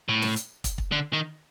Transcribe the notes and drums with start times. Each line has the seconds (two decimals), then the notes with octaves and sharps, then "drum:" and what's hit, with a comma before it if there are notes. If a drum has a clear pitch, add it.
0.09 A2
0.22 drum: snare
0.36 drum: hi-hat
0.64 drum: kick, hi-hat
0.78 drum: kick
0.92 D3
1.13 D#3